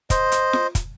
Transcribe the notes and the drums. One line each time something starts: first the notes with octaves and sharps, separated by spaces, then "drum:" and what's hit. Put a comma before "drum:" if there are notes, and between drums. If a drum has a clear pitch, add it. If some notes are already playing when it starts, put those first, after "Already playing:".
C5 D#5, drum: kick, hi-hat
drum: hi-hat
drum: snare F4
drum: kick, hi-hat